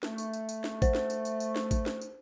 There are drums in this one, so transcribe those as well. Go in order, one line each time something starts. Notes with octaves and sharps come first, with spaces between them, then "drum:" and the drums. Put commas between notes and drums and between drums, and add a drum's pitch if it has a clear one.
A3, drum: snare
drum: tambourine
drum: tambourine
drum: tambourine
drum: snare
C5, drum: kick A1, tambourine
drum: snare
drum: tambourine
drum: tambourine
drum: tambourine
drum: snare
drum: kick A1, tambourine
drum: snare
drum: tambourine